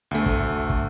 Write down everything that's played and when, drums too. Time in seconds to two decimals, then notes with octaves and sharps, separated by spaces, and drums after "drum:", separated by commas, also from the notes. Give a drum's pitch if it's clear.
0.11 D2 A3
0.26 drum: kick
0.70 drum: kick